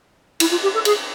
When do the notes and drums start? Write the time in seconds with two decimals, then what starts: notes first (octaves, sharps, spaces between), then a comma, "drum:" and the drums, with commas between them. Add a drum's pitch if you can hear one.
0.40 E4, drum: cymbal
0.51 F4
0.63 G4
0.74 A4
0.85 G#4, drum: cymbal